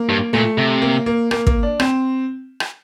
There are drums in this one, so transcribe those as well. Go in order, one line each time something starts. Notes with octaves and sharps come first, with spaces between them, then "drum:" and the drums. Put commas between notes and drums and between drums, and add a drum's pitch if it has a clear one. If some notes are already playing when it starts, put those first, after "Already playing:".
Already playing: A#3
G2
A#2 A3
C3
A#3
A#3
A#3, drum: rim click
A#3, drum: kick
D4
C4, drum: rim click
drum: rim click